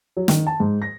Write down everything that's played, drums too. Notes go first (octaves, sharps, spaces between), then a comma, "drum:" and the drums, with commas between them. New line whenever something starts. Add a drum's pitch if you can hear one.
F#3
D#3, drum: snare
A5
G#2
A#6